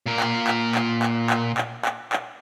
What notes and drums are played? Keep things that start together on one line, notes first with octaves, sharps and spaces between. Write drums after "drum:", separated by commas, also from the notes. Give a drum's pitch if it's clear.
A#2 A#4
drum: clap
drum: clap
drum: clap
drum: clap
drum: clap
drum: clap
drum: clap
drum: clap